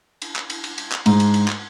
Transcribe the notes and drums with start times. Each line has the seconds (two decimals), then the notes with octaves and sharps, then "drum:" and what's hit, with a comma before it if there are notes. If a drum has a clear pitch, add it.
0.22 drum: cymbal
0.36 drum: clap
0.50 drum: cymbal
0.64 drum: cymbal
0.78 drum: cymbal
0.92 drum: clap
1.06 G#2, drum: cymbal
1.20 drum: cymbal
1.34 drum: cymbal
1.48 drum: clap